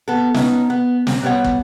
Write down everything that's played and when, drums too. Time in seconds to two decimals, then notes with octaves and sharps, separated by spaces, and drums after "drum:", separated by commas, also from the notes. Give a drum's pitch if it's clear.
0.08 B3 A4
0.34 B3 C#4 D#4 E4, drum: snare
0.70 B3
1.07 A#2 C4, drum: snare
1.23 B2 G3 B3 C#5 F#5
1.44 drum: kick